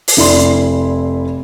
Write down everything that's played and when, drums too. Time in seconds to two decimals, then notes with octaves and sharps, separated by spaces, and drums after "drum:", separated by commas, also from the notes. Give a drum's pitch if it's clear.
0.08 drum: open hi-hat
0.17 F1 E4 D5 C6